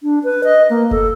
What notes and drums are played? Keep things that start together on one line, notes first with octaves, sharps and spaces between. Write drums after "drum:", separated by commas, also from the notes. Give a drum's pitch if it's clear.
D4
B4
D#5
A#3
A4, drum: kick F1